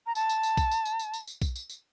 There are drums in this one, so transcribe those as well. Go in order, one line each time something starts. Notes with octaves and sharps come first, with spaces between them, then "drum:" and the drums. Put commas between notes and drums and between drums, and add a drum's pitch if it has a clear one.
A#5
A5, drum: tambourine
drum: tambourine
drum: tambourine
drum: kick B1, tambourine
drum: tambourine
drum: tambourine
drum: tambourine
drum: tambourine
drum: tambourine
drum: kick B1, tambourine
drum: tambourine
drum: tambourine